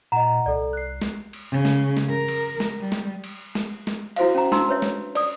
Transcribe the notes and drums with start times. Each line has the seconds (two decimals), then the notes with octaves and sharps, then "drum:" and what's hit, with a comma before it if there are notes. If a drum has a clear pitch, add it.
0.12 A#2 D#5 F#5 A#5
0.46 C2 A4 D5
0.73 F#6 C7
1.02 drum: snare
1.33 drum: cymbal
1.51 C#3
1.65 drum: snare
1.97 drum: snare
2.10 A#4
2.28 drum: cymbal
2.60 drum: snare
2.81 G3
2.92 drum: snare
3.24 drum: cymbal
3.55 drum: snare
3.87 drum: snare
4.16 E4 F#4 C5 E5 F5, drum: cymbal
4.35 C#4 A#5
4.52 D4 D#4 A#5 C6 E6, drum: snare
4.69 B4 C#5 E5
4.82 drum: snare
5.15 D5 D#6, drum: cymbal